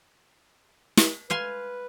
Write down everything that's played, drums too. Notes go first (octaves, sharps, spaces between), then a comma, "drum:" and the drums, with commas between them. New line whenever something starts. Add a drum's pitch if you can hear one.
drum: snare
B4 F5 G#5 C6